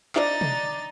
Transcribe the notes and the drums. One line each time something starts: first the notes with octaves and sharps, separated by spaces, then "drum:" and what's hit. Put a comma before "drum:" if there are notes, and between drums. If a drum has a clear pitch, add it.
D4 D#4 A6, drum: clap
drum: tom